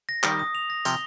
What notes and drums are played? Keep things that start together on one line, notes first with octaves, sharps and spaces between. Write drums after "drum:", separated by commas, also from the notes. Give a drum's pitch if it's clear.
A#6
D#3 G3 D#6, drum: clap
D#6
F7
A#6
C3 F3 G7, drum: tambourine